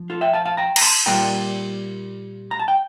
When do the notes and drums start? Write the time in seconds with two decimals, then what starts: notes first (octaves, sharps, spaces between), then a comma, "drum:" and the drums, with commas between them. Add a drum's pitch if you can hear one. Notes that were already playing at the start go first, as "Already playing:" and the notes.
Already playing: F3
0.10 F4 A4
0.21 E5 G5
0.33 F5 A5
0.45 F5 A5
0.57 G5 A#5
0.76 A#5, drum: cymbal
0.81 A5 C6
1.06 A#2 G3 A#3 F4 G5 A#5
2.51 A#5
2.59 A5
2.68 G5